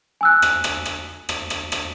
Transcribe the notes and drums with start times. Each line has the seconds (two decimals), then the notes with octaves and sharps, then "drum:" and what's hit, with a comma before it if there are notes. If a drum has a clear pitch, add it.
0.21 G#5 E6 F#6
0.42 drum: rim click
0.64 drum: rim click
0.86 drum: rim click
1.29 drum: rim click
1.50 drum: rim click
1.72 drum: rim click